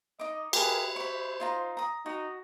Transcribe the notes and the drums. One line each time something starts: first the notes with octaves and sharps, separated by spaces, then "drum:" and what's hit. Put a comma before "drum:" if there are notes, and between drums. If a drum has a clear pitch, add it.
D#4 D#5 D6
G4 G#4 A#4 B4, drum: cymbal
C5 B5 C#6
D#4 F4 A#5
A#5 D#6
D#4 F#4